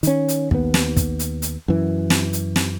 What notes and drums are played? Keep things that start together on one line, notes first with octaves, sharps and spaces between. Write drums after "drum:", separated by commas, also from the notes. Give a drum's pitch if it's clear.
D#3 C#4, drum: hi-hat
drum: hi-hat
D#2 B3, drum: kick
drum: snare
drum: kick, hi-hat
drum: hi-hat
drum: hi-hat
F#2 E3
drum: snare
drum: hi-hat
drum: snare